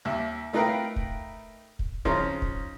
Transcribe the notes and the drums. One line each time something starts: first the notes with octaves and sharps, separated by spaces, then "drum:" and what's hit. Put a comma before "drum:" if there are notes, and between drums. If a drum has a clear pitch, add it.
D#2 E5
A3 D#4 A#4 B4 F5 G5
drum: kick
drum: kick
C#3 F3 D#4 C#5 C6, drum: kick
drum: kick